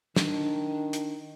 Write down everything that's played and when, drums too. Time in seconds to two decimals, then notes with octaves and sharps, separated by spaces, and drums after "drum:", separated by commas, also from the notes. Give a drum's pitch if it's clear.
0.16 D#3 D4, drum: snare
0.93 drum: hi-hat